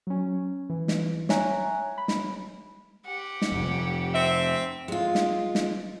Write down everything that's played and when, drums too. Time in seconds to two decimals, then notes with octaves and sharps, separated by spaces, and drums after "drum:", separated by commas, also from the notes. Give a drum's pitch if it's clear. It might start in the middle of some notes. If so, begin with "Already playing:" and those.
0.07 F#3 C#4
0.70 E3
0.88 drum: snare
1.29 C#5 E5 G#5 A#5 F#6, drum: snare
1.98 B5
2.08 drum: snare
3.06 G4 F#5
3.42 drum: snare
3.52 F2 C3
4.14 C4 E5
4.88 G#3 F4
5.15 drum: snare
5.55 drum: snare